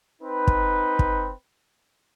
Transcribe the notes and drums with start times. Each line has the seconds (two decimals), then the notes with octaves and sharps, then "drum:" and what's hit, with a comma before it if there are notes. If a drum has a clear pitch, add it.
0.22 C4 D#4 B4
0.47 drum: kick
0.99 drum: kick